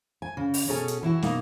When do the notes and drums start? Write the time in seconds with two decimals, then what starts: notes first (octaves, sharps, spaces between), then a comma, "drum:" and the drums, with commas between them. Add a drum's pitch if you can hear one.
0.22 G#5
0.37 C#3
0.54 drum: open hi-hat
0.68 B2 C#4 G#4 A4 G#5
0.88 drum: hi-hat
1.03 E3 E4 F#4
1.22 B2 A#3 D#4 F5, drum: snare